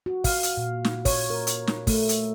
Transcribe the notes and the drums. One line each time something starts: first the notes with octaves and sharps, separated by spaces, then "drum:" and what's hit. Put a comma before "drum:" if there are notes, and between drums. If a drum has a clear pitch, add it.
F#4
F5, drum: kick, open hi-hat
drum: hi-hat
A#2
drum: snare
C#5, drum: kick, open hi-hat
A#4
drum: hi-hat
drum: snare
A3, drum: kick, open hi-hat
drum: hi-hat